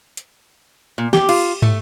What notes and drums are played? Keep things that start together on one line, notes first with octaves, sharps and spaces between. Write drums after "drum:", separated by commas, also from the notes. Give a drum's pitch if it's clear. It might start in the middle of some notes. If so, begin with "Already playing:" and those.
drum: hi-hat
A#2
G4, drum: snare
F4, drum: cymbal
A3, drum: tom